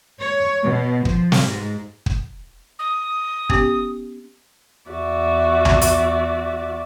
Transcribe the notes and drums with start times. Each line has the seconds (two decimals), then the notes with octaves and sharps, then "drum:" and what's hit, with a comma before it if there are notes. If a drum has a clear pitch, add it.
0.18 C#5
0.62 B2
1.05 F3, drum: kick
1.32 drum: snare
1.44 G#2
2.06 drum: kick
2.79 D#6
3.50 B3 C#4 G4, drum: kick
4.90 E2 F#4 D5 E5
5.65 drum: tom B1
5.82 drum: hi-hat